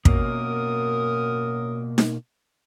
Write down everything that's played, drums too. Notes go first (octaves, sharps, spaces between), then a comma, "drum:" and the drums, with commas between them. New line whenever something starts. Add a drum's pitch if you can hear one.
F#2 B2 A#3 A#4 D#6, drum: kick
drum: snare D#4